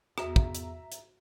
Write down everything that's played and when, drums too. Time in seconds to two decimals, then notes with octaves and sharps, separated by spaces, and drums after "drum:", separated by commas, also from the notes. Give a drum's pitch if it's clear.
0.18 E2 F#4 E5 A#5, drum: rim click
0.36 drum: kick
0.55 drum: hi-hat
0.92 drum: hi-hat